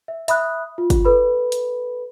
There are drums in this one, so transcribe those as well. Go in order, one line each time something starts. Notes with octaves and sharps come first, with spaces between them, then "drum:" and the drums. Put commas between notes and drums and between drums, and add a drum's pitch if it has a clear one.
E5
E5 B5 D#6 F#6, drum: hi-hat
F4
drum: kick, hi-hat
A4 B4 B5
drum: hi-hat